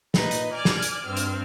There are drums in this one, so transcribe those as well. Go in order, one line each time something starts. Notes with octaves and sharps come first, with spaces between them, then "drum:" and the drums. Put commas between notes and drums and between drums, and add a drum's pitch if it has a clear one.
A#2 D#4 B4 D#5, drum: snare
drum: hi-hat
D5 G#5 D6 F6
drum: snare
drum: hi-hat
G2 C4 F6
drum: hi-hat